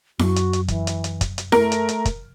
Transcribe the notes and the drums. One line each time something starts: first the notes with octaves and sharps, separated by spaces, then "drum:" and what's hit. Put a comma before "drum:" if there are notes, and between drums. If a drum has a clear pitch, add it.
F#2 F#4, drum: snare E4
drum: hi-hat
drum: hi-hat
E3, drum: kick, hi-hat
drum: hi-hat
drum: hi-hat
drum: kick, hi-hat
drum: hi-hat
A3 A#4, drum: snare E4
drum: hi-hat
drum: hi-hat
drum: kick, hi-hat